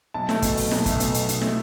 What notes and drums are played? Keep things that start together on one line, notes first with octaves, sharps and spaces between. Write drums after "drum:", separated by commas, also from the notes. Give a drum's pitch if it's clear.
B1 A5
A3, drum: snare
B2, drum: kick, hi-hat
B1, drum: open hi-hat
B1, drum: snare
A3, drum: kick, hi-hat
B2, drum: hi-hat
B1, drum: hi-hat
B1, drum: hi-hat
A3, drum: snare